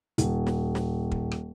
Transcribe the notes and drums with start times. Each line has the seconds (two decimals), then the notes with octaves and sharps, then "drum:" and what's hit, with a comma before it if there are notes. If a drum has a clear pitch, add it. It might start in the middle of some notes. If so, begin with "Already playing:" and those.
0.18 D#1, drum: hi-hat
0.47 drum: snare
0.75 drum: snare
1.11 drum: kick
1.32 drum: rim click